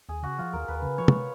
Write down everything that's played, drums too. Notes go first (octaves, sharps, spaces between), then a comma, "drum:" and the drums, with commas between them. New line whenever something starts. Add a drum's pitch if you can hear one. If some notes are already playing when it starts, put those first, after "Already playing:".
D#2 G#4
C#3 F#4
F3 F4
D#2 A#4
D#2 B4
C#3
F3 C#5
drum: tom